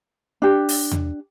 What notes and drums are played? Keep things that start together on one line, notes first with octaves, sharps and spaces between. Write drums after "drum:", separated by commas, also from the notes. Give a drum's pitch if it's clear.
D4 G4
drum: open hi-hat
drum: tom E2